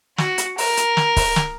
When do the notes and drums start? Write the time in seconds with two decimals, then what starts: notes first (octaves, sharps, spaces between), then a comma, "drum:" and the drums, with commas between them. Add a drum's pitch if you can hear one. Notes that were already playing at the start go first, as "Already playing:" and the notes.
0.18 F#4, drum: snare
0.38 drum: hi-hat
0.58 A#4, drum: open hi-hat
0.77 drum: hi-hat
0.97 drum: snare
1.16 drum: kick C#1, open hi-hat
1.36 drum: snare